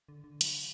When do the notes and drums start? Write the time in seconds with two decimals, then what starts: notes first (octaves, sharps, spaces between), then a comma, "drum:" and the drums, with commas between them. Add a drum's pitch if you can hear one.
0.09 D3
0.24 D3
0.41 F#3, drum: hi-hat